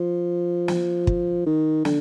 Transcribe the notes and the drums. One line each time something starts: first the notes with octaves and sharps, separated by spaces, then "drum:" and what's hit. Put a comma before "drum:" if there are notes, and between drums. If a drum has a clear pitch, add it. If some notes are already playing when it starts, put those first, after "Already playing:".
Already playing: F3
drum: snare
drum: kick
D#3
D3, drum: snare